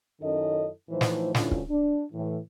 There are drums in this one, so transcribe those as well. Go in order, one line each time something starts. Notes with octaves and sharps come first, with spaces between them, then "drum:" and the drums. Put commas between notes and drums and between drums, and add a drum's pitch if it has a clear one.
F#2 D#3 C#4 E4 A4 D#5
A2 E3 F3 A3 D#4 C5
drum: snare
D2 G2 D3 C#4 E4 F4, drum: snare
drum: kick
D4
A2 E3